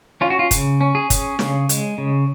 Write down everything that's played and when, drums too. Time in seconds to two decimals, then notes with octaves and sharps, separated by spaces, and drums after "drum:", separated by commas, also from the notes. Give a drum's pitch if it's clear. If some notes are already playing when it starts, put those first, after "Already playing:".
0.21 C#4 F4
0.30 F#4
0.39 F4
0.51 C#3, drum: kick, hi-hat
0.81 C#4
0.95 G#4
1.10 C#4, drum: kick, hi-hat
1.39 C#3, drum: snare
1.69 G#3, drum: hi-hat
1.98 C#3